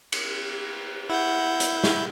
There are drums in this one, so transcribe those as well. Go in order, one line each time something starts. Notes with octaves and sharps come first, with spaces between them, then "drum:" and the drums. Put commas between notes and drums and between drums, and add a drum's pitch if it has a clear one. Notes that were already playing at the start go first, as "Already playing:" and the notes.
drum: cymbal
E4 F#5 G6
drum: hi-hat
drum: snare